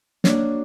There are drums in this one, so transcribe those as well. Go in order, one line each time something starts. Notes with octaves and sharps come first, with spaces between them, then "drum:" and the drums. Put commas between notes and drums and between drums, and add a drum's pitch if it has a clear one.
A#3 D4 F#4 C#5, drum: snare